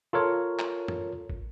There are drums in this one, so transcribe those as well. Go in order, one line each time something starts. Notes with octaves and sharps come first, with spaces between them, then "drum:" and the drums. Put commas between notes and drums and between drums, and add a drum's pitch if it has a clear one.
F4 A4 A#4 C#5
drum: clap
drum: tom F#2
drum: kick